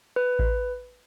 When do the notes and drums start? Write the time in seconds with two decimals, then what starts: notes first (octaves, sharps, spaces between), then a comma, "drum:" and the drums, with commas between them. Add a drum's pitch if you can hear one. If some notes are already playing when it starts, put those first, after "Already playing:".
0.16 B4
0.39 drum: kick A1